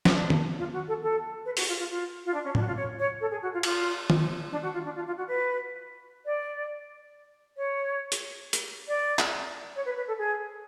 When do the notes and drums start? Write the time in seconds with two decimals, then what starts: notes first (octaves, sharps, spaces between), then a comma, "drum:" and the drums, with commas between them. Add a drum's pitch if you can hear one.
0.05 F4, drum: snare
0.14 D4
0.30 drum: tom
0.58 F4
0.72 F#4
0.88 A4
1.02 A4
1.45 B4
1.57 F#4, drum: open hi-hat
1.67 F4
1.78 F4
1.89 F4
2.24 F4
2.33 D4
2.44 C#4
2.55 D4, drum: tom A2
2.61 F#4
2.66 F4
2.76 C#5
2.98 C#5
3.20 A4
3.30 G#4
3.42 F#4
3.53 F4
3.63 F4, drum: cymbal
4.10 drum: tom D#3
4.51 D4
4.62 F#4
4.73 F4
4.84 D4
4.95 F4
5.06 F4
5.17 F#4
5.27 B4
6.25 D5
7.56 C#5
8.12 drum: hi-hat
8.53 drum: hi-hat
8.87 D5
9.19 drum: clap
9.75 C#5
9.85 B4
9.96 B4
10.07 A4
10.18 G#4